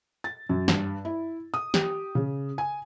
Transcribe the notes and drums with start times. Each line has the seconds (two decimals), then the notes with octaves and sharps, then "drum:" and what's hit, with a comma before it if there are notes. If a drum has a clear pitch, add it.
0.24 A6
0.49 F#2
0.68 G2, drum: snare
1.05 E4
1.54 D#6
1.74 G4, drum: snare
2.15 C#3
2.58 G#5